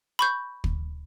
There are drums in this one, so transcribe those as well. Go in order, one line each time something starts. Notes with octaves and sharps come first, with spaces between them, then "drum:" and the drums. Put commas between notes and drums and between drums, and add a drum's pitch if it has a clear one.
B5 C#6 G6
drum: kick